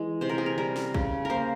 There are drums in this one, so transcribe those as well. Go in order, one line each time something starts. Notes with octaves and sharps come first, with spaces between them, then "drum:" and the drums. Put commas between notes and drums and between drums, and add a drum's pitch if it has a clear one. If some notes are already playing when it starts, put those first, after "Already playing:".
Already playing: E3 G#3
C3 C5
A#4
G#4
A#4
G3 A#4
drum: snare
C#3, drum: kick
A#3 A#4 C5